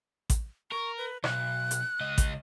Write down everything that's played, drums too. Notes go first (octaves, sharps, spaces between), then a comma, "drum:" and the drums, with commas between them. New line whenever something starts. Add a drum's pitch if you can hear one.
drum: kick A1, hi-hat
A#4 C#6
B4
B1 F#6, drum: rim click
drum: hi-hat
C#2 D#5
drum: kick A1, hi-hat